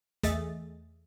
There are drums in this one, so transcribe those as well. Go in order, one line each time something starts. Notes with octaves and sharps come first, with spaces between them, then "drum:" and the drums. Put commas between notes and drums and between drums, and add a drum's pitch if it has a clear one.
E2 A3 G#4 D#5 E5 A6, drum: kick, hi-hat